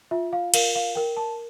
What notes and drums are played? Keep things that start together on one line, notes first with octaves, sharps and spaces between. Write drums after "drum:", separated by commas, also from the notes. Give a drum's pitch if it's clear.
F4 E5
F5
A#4 F5, drum: cymbal
F5
A#4 G5
A5